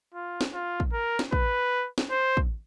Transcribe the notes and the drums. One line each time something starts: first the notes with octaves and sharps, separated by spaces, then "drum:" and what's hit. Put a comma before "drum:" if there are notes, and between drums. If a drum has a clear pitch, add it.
F4
drum: snare
F4
drum: kick
A#4
drum: snare
B4, drum: kick
drum: snare
C5
drum: kick